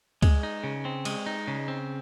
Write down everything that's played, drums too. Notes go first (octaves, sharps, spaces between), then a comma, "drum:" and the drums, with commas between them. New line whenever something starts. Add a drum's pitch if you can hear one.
G#3, drum: kick C#2, cymbal
D#4
C#3
C4
G#3, drum: cymbal
D#4
C#3
C4